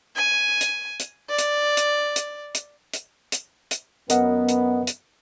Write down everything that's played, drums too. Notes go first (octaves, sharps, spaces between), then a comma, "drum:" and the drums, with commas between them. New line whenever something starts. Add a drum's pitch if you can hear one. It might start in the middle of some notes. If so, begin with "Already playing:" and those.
G#5
drum: hi-hat
drum: hi-hat
D5
drum: hi-hat
drum: hi-hat
drum: hi-hat
drum: hi-hat
drum: hi-hat
drum: hi-hat
drum: hi-hat
F#2 B3 A#4 D#5 F#5, drum: hi-hat
drum: hi-hat
drum: hi-hat